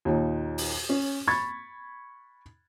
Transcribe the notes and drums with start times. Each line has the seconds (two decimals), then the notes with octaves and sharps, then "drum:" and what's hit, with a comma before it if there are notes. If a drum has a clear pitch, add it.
0.05 D#2 A#2 D#4
0.58 drum: open hi-hat
0.89 C#4
1.27 B5 C#6 G#6 A6